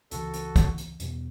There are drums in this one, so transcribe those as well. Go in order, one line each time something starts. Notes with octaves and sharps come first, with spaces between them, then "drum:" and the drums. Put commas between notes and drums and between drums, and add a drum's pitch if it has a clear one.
C#2 C#3 E3 F#4 A4, drum: hi-hat
drum: hi-hat
drum: kick, hi-hat
drum: hi-hat
E2 B2 G3 B3, drum: hi-hat